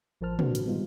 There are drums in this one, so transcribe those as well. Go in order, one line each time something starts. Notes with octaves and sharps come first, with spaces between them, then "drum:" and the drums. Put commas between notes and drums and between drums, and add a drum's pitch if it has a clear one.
A1 F3 A#4 C5 A5 F6
A#3 C4 D4 F#4 B4 C5, drum: tom
drum: hi-hat
D#3 G3 G#3 B3 D#4 F4